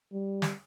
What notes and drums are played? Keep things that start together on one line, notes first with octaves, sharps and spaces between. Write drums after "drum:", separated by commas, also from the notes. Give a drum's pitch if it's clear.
G3
drum: snare